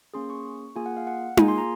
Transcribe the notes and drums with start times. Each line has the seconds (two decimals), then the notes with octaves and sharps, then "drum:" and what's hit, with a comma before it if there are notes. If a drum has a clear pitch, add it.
0.14 A#3 C#4 G#4 C6
0.30 C#6
0.76 A#3 F4 G#4 G#5
0.86 F#5
0.97 F5
1.07 F#5
1.37 A#3 F4 G#4 G#5, drum: tom D#4
1.48 C6
1.58 A#5